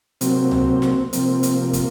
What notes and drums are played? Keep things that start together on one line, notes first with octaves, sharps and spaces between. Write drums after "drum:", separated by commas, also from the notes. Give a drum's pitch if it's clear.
C3 F#3 A#3 C4, drum: hi-hat
drum: tom C2
drum: snare
C3 F3 A#3 C4, drum: hi-hat
drum: hi-hat
A#3
drum: kick, hi-hat